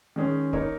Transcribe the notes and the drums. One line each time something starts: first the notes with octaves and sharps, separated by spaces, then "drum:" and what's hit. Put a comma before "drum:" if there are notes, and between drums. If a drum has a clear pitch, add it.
D#3 G#3 C#4 G#4
A#3 D#4 A#4 C#5, drum: kick